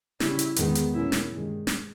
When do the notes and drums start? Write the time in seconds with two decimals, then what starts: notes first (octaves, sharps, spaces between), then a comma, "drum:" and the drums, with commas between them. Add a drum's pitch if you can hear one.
0.20 C#3 G3 C#4 E4, drum: snare
0.39 drum: hi-hat
0.56 E2 D#3 G#3 B3, drum: hi-hat
0.75 drum: hi-hat
0.94 B2 A#3 C#4 E4
1.12 drum: snare
1.31 G2 D#3 G#3
1.67 drum: snare